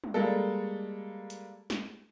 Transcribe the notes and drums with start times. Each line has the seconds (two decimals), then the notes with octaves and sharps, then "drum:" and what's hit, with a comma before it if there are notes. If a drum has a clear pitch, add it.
0.04 drum: tom
0.14 G3 G#3 A#3 A4
1.30 drum: hi-hat
1.70 drum: snare